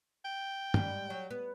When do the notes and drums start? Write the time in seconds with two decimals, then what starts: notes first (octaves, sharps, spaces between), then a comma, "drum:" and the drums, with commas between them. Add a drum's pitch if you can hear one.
0.25 G5
0.74 G#2 G3, drum: tom
1.10 F#3
1.30 B3